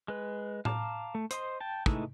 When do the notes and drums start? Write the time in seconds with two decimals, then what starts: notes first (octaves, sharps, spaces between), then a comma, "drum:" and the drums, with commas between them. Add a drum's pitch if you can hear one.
0.08 G#3 B4
0.65 F5 A5 A#5 D6, drum: tom A2
1.15 A3
1.31 C5 D#5 C6, drum: hi-hat
1.60 G5 A5
1.86 E3 G#3 A3 D#4 E4, drum: kick